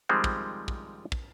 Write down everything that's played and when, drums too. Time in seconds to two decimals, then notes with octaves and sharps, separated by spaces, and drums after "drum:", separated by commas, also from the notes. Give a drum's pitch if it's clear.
0.09 D#3 F3 G3 G#3 C4
0.24 drum: kick
0.68 drum: kick
1.12 drum: kick